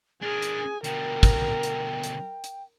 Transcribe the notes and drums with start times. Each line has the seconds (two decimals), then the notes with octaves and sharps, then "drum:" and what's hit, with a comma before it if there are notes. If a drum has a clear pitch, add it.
0.22 D4 G#4 A#4 G#5
0.42 drum: hi-hat
0.84 B2 D3 A#4 G5, drum: hi-hat
1.23 drum: kick, hi-hat
1.63 drum: hi-hat
2.04 drum: hi-hat
2.44 drum: hi-hat